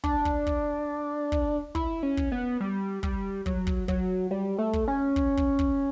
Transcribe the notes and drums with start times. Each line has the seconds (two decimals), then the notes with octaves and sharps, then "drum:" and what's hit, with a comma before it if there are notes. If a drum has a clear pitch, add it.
0.04 D4, drum: kick
0.25 drum: kick
0.47 drum: kick
1.32 drum: kick
1.75 E4, drum: kick
2.03 C#4
2.17 drum: kick
2.32 B3
2.60 G3
3.03 G3, drum: kick
3.46 F#3, drum: kick
3.67 drum: kick
3.88 F#3, drum: kick
4.31 G3
4.59 A3
4.73 drum: kick
4.88 C#4
5.16 drum: kick
5.37 drum: kick
5.59 drum: kick